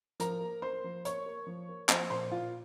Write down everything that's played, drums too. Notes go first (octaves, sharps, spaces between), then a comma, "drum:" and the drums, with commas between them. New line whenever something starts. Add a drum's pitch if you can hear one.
F3 A#4 A#5, drum: hi-hat
A#3
A#3 C5 C6
F3
A#3 C#5 C#6, drum: hi-hat
A#3
F3
A#3
F3 C5 C6, drum: clap
A#2 C5 C6
A#2 F4 F5